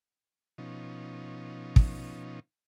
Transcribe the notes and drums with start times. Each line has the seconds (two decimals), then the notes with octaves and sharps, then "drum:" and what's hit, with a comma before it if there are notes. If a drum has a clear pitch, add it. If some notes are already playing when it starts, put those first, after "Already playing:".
0.58 B2 F3 C#4 D#4
1.76 drum: kick